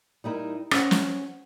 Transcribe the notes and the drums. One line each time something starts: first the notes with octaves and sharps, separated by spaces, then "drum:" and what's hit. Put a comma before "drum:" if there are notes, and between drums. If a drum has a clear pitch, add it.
G3 D#4 E4 A#4
C#4 C5 F#5, drum: rim click
drum: snare